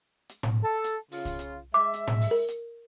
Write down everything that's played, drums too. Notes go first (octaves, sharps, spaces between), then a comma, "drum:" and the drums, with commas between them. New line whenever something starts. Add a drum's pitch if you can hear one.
drum: hi-hat
drum: tom A2
A4
drum: hi-hat
C#3 F4, drum: open hi-hat
drum: kick C2, hi-hat
drum: hi-hat
G#3 E5 D6
drum: hi-hat
drum: tom A2
drum: open hi-hat
A#4
drum: hi-hat